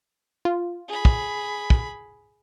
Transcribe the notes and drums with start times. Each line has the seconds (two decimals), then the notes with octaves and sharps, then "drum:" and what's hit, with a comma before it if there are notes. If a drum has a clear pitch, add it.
0.45 F4
0.89 G#4 B5
1.05 drum: kick
1.70 drum: kick